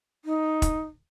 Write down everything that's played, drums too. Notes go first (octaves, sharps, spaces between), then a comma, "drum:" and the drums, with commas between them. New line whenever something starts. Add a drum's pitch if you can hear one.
D#4
drum: kick E1, hi-hat